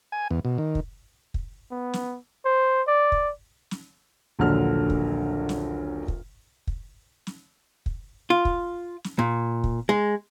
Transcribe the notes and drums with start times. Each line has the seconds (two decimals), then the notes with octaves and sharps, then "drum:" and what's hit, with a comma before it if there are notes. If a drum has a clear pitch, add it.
0.12 G#5
0.31 E2
0.45 B2
0.58 D#3
0.75 drum: kick
1.34 drum: kick
1.71 B3
1.93 drum: snare
2.45 C5
2.88 D5
3.12 drum: kick
3.71 drum: snare
4.39 D#1 A#1 D3 F#3 A4 F6
4.90 drum: kick
5.49 drum: snare
6.08 drum: kick
6.67 drum: kick
7.27 drum: snare
7.86 drum: kick
8.30 F4
8.45 drum: kick
9.04 drum: snare
9.19 A#2
9.64 drum: kick
9.89 G#3